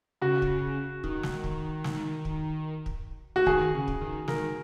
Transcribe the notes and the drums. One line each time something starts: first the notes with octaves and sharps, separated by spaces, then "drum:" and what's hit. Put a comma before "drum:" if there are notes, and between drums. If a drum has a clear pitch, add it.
C#3 F#4
drum: kick
D#3, drum: kick
drum: snare
drum: kick
drum: snare
drum: kick
drum: kick
F#4
D#3 G#4, drum: kick
C#3
drum: kick
D#3
D#3 A#4, drum: snare